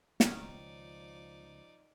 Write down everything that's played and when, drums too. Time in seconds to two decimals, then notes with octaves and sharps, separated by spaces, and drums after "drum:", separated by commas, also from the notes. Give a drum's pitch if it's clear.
0.20 C#2 D#3 F3 C#4 D#4 D5, drum: snare